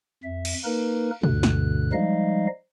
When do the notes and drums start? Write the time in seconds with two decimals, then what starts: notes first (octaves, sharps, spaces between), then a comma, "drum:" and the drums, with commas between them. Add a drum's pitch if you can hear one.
0.23 F2 E5
0.45 drum: cymbal
0.65 A#3 D#4 A#4 B4
1.23 D2 G2 B2 D3 F#6, drum: tom A#2
1.43 drum: snare
1.93 F3 G3 G#3 D#4 D#5 F5